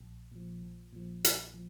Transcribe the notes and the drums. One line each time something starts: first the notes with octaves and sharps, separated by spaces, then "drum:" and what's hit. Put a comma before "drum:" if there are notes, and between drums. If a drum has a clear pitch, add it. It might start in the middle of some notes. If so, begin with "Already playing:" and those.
A#1
A#2 F3
A#1
A#2 F3
A#1, drum: hi-hat
F3